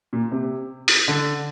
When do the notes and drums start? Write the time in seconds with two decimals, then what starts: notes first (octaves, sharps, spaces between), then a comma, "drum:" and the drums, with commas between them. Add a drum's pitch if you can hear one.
0.13 A#2
0.31 C3
0.88 drum: open hi-hat
1.08 D3